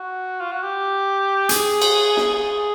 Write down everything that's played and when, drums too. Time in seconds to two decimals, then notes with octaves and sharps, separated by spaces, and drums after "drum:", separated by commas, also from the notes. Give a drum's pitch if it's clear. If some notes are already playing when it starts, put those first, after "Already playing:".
Already playing: F#4
0.40 F4
0.52 F#4
0.63 G4
1.49 G#4, drum: hi-hat
1.82 drum: cymbal
2.17 drum: snare
2.34 G#4